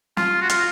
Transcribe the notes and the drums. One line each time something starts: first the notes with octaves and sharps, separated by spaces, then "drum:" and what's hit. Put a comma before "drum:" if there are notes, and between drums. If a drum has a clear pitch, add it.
F4, drum: snare
F#4
F4, drum: hi-hat